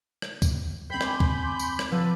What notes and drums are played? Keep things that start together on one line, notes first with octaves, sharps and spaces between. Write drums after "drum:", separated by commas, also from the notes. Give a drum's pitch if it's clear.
drum: rim click
drum: kick, tambourine
C4 C5 G5 B5 G6
G#5 C6 D6, drum: rim click
drum: kick
drum: tambourine
drum: rim click
F3 B4 A5 D6 E6